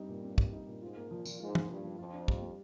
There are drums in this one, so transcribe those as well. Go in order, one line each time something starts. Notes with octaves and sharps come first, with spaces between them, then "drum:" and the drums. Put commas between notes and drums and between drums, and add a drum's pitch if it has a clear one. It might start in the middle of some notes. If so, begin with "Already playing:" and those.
Already playing: G2 G3 C4 D#4
A#2
C4
G3, drum: kick
D#4
A#2
G#2 F4
A#3
A#2 F3
F3, drum: tambourine
G#2 F4
A#3, drum: tom
G2 F3
F3
F2 F4
D4
G3, drum: kick
G3